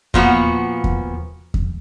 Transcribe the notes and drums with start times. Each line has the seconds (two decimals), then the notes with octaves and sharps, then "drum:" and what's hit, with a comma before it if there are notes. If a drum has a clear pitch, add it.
0.14 A#2 F3 B3 F#4, drum: kick E2
0.84 drum: kick E2
1.54 drum: kick E2